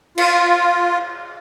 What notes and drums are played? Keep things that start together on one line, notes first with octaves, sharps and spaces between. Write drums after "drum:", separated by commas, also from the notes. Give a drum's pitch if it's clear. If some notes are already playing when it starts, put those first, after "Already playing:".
F4, drum: cymbal